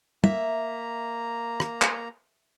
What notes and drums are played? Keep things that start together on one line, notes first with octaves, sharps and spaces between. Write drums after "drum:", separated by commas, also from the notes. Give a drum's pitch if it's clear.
A#3 E5 A#5, drum: tom
drum: rim click
drum: clap